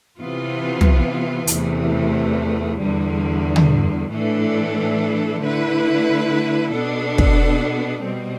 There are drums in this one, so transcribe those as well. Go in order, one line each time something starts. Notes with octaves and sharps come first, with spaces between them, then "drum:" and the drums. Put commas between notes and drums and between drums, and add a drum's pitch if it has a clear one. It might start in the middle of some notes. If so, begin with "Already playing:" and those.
C3 E3 B3 F4
drum: tom
E2 C3 E3 A3, drum: hi-hat
E2 D3 G3
drum: tom
A2 E3 A3 D4 A4
D3 A3 E4 B4
B2 B3 D4 A4
drum: kick
B2 G3 C4